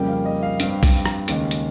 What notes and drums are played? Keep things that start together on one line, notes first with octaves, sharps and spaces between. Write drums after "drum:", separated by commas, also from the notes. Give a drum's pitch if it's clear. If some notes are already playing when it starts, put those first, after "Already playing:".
Already playing: F2 C#3 G3 A#3 G5
F5
D#5
F5
G2 G3 C4 F5, drum: hi-hat
drum: kick A#1, open hi-hat
drum: rim click
D#2 C#3 G#3, drum: hi-hat
drum: hi-hat